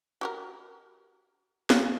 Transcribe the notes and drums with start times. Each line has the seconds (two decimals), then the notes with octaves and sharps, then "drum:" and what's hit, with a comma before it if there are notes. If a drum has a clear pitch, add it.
0.21 F#4 G4 A#4
1.70 drum: snare